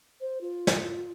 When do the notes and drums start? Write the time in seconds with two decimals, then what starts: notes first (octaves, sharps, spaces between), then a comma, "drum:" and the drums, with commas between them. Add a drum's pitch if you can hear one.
0.21 C5
0.41 F4
0.67 drum: snare